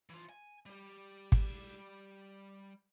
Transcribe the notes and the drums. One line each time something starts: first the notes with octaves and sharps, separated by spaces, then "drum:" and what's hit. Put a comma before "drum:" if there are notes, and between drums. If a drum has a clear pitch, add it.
E3 F4
G#5
G3 G4
drum: kick G#1